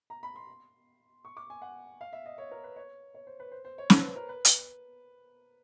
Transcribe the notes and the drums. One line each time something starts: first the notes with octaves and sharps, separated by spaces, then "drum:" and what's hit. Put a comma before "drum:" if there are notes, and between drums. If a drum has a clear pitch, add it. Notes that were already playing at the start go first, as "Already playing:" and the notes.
A#5
B5
C6
C#6
D6
G#5
F#5
F5
E5
D#5
C#5
A#4
B4
C#5
C#5
C5
B4
C5
C5
C#5
C5, drum: snare
B4
A#4
B4
drum: hi-hat